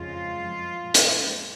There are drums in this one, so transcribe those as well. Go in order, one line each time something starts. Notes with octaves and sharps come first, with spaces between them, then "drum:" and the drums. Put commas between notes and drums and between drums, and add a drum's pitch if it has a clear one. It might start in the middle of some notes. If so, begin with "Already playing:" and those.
Already playing: F2 C#3 G#3 F4
F#2 F3 G#3
A#2 G#3
drum: hi-hat
G#3